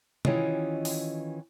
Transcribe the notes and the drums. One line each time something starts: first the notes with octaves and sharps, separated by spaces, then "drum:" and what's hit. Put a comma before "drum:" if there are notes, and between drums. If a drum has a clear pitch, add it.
D#3 E3 C#4 F4 G4 D#5, drum: tom
drum: open hi-hat